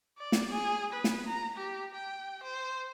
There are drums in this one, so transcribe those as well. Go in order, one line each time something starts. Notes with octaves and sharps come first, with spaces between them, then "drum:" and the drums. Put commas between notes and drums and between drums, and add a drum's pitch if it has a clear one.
D5
drum: snare
G#4
B4
drum: snare
A#5
G4
G5
C5